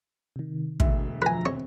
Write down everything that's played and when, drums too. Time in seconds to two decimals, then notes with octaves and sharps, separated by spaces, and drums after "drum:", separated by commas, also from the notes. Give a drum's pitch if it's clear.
0.36 C3 D#3
0.80 E1 D2 E5, drum: kick
1.22 F3 B4 G#5 A#5 A#6
1.46 C4 C#5